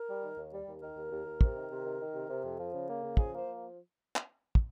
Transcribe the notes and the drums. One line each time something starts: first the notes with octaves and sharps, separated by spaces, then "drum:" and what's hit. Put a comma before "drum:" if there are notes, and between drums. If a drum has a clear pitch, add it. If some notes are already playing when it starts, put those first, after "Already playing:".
Already playing: A#4
G3
D#3
D#2
G3
D#2
D#3 A#4
D#2
D#2
D#2
C3, drum: kick
D#3
C3
D#3
D#3
C3
C3
F2
F3
C#3
A#3
C#3
F3 G#4, drum: kick
A#3 C5
F3
drum: clap
drum: kick